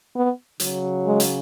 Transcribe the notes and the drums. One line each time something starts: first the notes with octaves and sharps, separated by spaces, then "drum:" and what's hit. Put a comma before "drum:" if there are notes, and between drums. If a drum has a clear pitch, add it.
B3
C#3 F#3, drum: hi-hat
G#3
drum: hi-hat